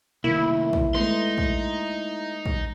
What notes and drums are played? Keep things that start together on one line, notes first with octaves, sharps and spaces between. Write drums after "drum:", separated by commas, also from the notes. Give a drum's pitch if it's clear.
C2 D#3 A#3 E4
drum: kick
G#3 A3 B3 D#4 C6, drum: rim click
drum: kick
drum: kick